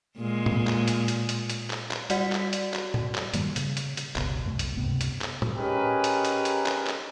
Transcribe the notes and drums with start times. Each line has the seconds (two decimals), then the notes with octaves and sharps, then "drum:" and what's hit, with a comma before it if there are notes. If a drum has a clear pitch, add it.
0.18 A#2 G#3
0.46 drum: tom A2
0.67 drum: clap
0.88 drum: hi-hat
1.08 drum: hi-hat
1.29 drum: hi-hat
1.50 drum: hi-hat
1.70 drum: clap
1.91 drum: clap
2.10 G3 F#4 D5 F#5 B6, drum: hi-hat
2.32 drum: clap
2.53 drum: hi-hat
2.73 drum: clap
2.94 drum: tom A2
3.15 drum: clap
3.34 G2 D#3 G3 A#3, drum: hi-hat
3.56 C#3, drum: hi-hat
3.77 drum: hi-hat
3.97 drum: hi-hat
4.16 G1 C#2 B2, drum: clap
4.45 C2 F#2 A3
4.59 drum: hi-hat
4.77 C#2 G2 C3 B3
5.01 drum: hi-hat
5.21 drum: clap
5.42 drum: tom A2
5.57 C#4 D#4 G4 G#4 A#4 B4
6.04 drum: hi-hat
6.25 drum: hi-hat
6.45 drum: hi-hat
6.66 drum: clap
6.87 drum: clap